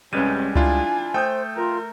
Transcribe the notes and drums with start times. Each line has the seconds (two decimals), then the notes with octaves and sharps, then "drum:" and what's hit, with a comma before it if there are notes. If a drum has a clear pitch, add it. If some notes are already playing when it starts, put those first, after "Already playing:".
0.13 C2 G3 G#3 C#4 B4 D#7
0.55 D4 E4 F4 G#5, drum: tom C#2
1.14 A3 C5 G5 D#6 G6
1.56 F4 A#4